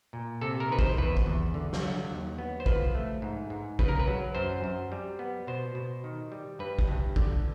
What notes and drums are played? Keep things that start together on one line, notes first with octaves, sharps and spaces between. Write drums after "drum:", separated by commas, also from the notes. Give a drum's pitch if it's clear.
A#2
C3 A4
A#4
D#3 B4
C5, drum: kick
E2 B4
drum: kick
E2
D3
drum: snare
F#3
D#2
B3
C5
F3 B4, drum: kick
A3
G#2
G#2
C#3 B4, drum: kick
A#4
B4
F#3
F#2 C5
F#2
G3
B3
B2 C5
B2
D#3
G3
G2 B4
drum: kick
G2
D3, drum: kick